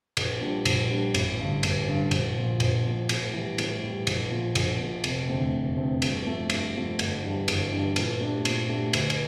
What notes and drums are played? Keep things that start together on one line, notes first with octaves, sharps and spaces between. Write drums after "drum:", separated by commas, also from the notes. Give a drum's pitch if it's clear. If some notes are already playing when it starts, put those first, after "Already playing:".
A#1, drum: cymbal
A#2 G3 D4
A#1, drum: cymbal
A#2 G3 D4
A1, drum: cymbal
G2 D3
A1, drum: cymbal
G2 D3
A#1, drum: cymbal
A#2 F3
A#1, drum: cymbal
A#2 F3
A2, drum: cymbal
E3 G3
A2, drum: cymbal
E3 G3
A#1, drum: cymbal
A#2 F3
A#1, drum: cymbal
A#2 F3
F1, drum: cymbal
E2 D3 A3 C4
F1
E2 D3 A3 C4
G2, drum: cymbal
F3 A3
G2, drum: cymbal
F3 A3
G1, drum: cymbal
G2 E3 G3 D4
G1, drum: cymbal
G2 E3 G3 D4
A#2, drum: cymbal
A3 D4 G4
A#2, drum: cymbal
A3 D4 G4
D2, drum: cymbal
drum: cymbal